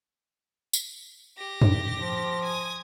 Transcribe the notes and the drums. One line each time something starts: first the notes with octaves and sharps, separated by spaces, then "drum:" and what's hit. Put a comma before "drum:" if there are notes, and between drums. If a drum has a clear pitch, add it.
drum: tambourine
G4 A#6
drum: tom
F3
G#5 D#6